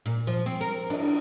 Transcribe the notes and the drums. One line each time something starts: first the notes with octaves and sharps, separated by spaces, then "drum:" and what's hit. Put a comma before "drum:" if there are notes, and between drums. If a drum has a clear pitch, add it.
A#2
F3
C4, drum: cymbal
A#4
D4, drum: cymbal